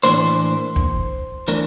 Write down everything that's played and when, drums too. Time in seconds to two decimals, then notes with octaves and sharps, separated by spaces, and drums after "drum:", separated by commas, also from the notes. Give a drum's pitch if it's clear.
0.03 A2 E3 A#3 D4 C5
0.76 drum: kick
1.48 E3 A3 D4 A#4